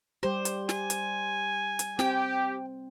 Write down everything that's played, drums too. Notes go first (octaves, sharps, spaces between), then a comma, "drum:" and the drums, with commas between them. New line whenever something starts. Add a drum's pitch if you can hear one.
G3 G4 C5
drum: hi-hat
G#5, drum: snare
drum: hi-hat
drum: hi-hat
C4 G4 G5, drum: snare